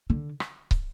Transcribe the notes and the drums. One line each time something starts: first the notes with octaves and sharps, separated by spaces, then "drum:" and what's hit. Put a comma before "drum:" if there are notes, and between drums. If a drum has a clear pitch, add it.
D3
drum: rim click
drum: kick